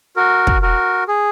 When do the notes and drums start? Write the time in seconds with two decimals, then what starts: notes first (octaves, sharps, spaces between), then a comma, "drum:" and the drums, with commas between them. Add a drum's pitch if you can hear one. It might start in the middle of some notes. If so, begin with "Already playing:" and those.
0.16 F#4 A#4
0.47 drum: kick
0.62 F#4 A#4
1.08 G#4